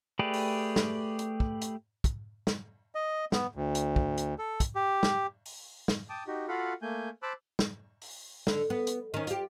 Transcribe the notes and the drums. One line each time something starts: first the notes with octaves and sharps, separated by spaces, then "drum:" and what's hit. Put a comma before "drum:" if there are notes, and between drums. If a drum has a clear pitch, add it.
A3 G4 G#4 B4 D5
drum: open hi-hat
drum: snare
drum: hi-hat
drum: kick
drum: hi-hat
drum: kick, hi-hat
drum: snare
D#5
B3, drum: snare
D2
drum: hi-hat
drum: kick
drum: hi-hat
A4
drum: kick, hi-hat
G4
drum: snare
drum: open hi-hat
drum: snare
G5 A5 D6 D#6
D#4 F#4 G4
F4 F#4 A4 F5 F#5 B5
A3 A#3 G#5 G6
C5 A5 B5 D6 E6 F#6
drum: snare
drum: open hi-hat
D3, drum: snare
B3
drum: hi-hat
D#3 C#4
F4 G4, drum: hi-hat